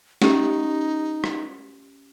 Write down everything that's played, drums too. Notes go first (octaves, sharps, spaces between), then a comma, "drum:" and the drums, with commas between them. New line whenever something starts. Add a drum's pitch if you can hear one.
C#4 D#4 G4, drum: snare
drum: rim click